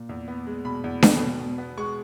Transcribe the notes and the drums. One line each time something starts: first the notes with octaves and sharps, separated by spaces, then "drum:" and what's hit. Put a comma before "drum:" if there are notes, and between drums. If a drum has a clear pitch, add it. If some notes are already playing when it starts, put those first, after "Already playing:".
Already playing: A#2
E2
B3
G#3
B2 B5
E2
B3, drum: snare D4
B2
B2
B3
G#3 C#6